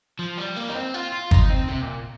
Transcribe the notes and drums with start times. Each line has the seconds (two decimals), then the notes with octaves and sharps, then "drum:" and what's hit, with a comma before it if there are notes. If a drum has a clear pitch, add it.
0.19 F3
0.38 G3
0.56 A#3
0.69 D#4
0.75 C4
0.94 F4
1.12 F4
1.31 D#4, drum: kick
1.50 C4
1.68 C3
1.82 A#2